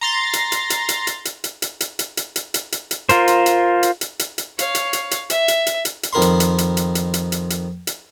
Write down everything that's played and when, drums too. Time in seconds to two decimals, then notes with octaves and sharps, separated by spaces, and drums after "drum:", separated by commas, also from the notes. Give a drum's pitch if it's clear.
0.01 A#5 C6 A6
0.33 drum: hi-hat
0.52 drum: hi-hat
0.70 drum: hi-hat
0.89 drum: hi-hat
1.07 drum: hi-hat
1.25 drum: hi-hat
1.44 drum: hi-hat
1.62 drum: hi-hat
1.80 drum: hi-hat
1.99 drum: hi-hat
2.17 drum: hi-hat
2.36 drum: hi-hat
2.54 drum: hi-hat
2.72 drum: hi-hat
2.91 drum: hi-hat
3.09 F4 A#4 C5, drum: hi-hat
3.28 drum: hi-hat
3.46 drum: hi-hat
3.83 drum: hi-hat
4.01 drum: hi-hat
4.19 drum: hi-hat
4.38 drum: hi-hat
4.59 C#5 F5, drum: hi-hat
4.75 drum: hi-hat
4.93 drum: hi-hat
5.11 drum: hi-hat
5.30 E5, drum: hi-hat
5.48 drum: hi-hat
5.67 drum: hi-hat
5.85 drum: hi-hat
6.03 drum: hi-hat
6.13 F2 D#3 A#4 B5 C6
6.22 drum: hi-hat
6.40 drum: hi-hat
6.58 drum: hi-hat
6.77 drum: hi-hat
6.95 drum: hi-hat
7.14 drum: hi-hat
7.32 drum: hi-hat
7.50 drum: hi-hat
7.87 drum: hi-hat